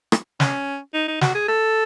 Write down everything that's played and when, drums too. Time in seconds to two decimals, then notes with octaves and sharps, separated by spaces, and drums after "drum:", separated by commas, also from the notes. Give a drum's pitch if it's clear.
0.12 drum: rim click
0.40 C#4, drum: snare
0.94 D#4
1.08 D#4
1.21 F#4, drum: snare
1.35 G#4
1.48 A4